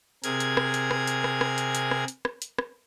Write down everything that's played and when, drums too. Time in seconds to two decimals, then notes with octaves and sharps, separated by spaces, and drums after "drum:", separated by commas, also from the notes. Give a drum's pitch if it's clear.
0.24 C3 G#4 A#4 G#6, drum: hi-hat
0.40 drum: hi-hat
0.57 drum: rim click
0.74 drum: hi-hat
0.91 drum: rim click
1.07 drum: hi-hat
1.24 drum: rim click
1.41 drum: rim click
1.58 drum: hi-hat
1.75 drum: hi-hat
1.91 drum: rim click
2.08 drum: hi-hat
2.25 drum: rim click
2.42 drum: hi-hat
2.58 drum: rim click